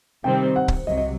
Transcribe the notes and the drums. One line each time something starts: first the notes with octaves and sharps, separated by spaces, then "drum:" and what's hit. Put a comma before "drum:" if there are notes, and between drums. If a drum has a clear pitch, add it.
C3 D#3 G3 C4 G5
F#5
drum: kick C#1
C2 C3 F#3 D#5
D#5